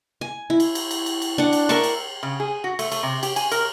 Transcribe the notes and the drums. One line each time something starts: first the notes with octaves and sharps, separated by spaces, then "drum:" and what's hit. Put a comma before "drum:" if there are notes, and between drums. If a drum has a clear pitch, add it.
G#5
E4
drum: cymbal
drum: cymbal
drum: cymbal
drum: cymbal
drum: cymbal
D4 F#5
drum: cymbal
A#4 E5 A5 C#6, drum: cymbal
drum: cymbal
C#3
G#4
F#4
A3, drum: cymbal
A3, drum: cymbal
C3
G4, drum: cymbal
G#5, drum: cymbal
A#4, drum: cymbal